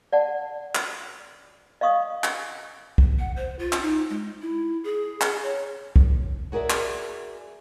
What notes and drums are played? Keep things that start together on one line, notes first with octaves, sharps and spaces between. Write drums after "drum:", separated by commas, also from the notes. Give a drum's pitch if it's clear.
D5 F#5 A5
drum: clap
D#5 F5 C#6 D#6
drum: clap
drum: kick
F#5
C5
F4
drum: clap
D#4
G#3
E4
G#4
drum: clap
C#5
drum: kick
F#4 G#4 A#4 D5 E5
drum: clap